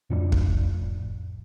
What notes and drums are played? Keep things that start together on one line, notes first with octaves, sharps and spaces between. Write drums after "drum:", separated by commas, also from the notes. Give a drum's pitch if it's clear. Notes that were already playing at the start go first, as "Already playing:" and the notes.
F2 A2 F3 D4
drum: kick